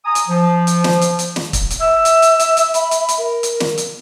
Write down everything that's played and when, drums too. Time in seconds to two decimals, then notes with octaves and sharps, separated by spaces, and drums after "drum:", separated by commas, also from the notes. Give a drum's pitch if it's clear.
0.05 G#5 A#5 D#6
0.15 drum: hi-hat
0.28 F3
0.67 drum: hi-hat
0.84 drum: snare
1.01 drum: hi-hat
1.19 drum: hi-hat
1.36 drum: snare
1.53 drum: kick, hi-hat
1.70 drum: hi-hat
1.80 E5 E6
2.05 drum: hi-hat
2.22 drum: hi-hat
2.40 drum: hi-hat
2.57 drum: hi-hat
2.74 B5, drum: hi-hat
2.91 drum: hi-hat
3.09 drum: hi-hat
3.18 A#4
3.43 drum: hi-hat
3.60 drum: snare
3.78 drum: hi-hat